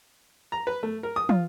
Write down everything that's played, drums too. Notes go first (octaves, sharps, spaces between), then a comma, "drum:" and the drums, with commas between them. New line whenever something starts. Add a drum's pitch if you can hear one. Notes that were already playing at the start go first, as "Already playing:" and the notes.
A#5
B4
A3
A#4
D#6
F4, drum: tom